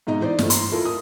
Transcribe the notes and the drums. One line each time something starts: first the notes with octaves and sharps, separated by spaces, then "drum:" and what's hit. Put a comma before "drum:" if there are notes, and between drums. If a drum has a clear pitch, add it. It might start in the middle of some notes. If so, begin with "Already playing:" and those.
G#2 B2 D#4 D#5 A#5
E3 D#4 C5 D5
G2 E3 A3, drum: snare
A#5 C6, drum: hi-hat
E4 F4 A4 A#4
D#6